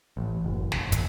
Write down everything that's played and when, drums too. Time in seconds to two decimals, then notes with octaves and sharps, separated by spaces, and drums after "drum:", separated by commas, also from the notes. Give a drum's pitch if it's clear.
0.17 A1
0.44 F#1
0.72 E1, drum: snare
0.92 drum: kick, hi-hat